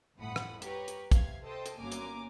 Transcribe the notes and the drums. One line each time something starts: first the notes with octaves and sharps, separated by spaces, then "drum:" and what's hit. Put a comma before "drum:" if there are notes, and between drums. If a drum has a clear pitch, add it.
G1 F2 A2 F#5 B5 D#6
drum: rim click
G4 A#4 B4 C#5, drum: hi-hat
drum: hi-hat
C3 F5 G#6, drum: kick, hi-hat
A4 C5 D#5 G5 A5
drum: hi-hat
G1 F#2 A#3 G#5 A#5 D6
drum: hi-hat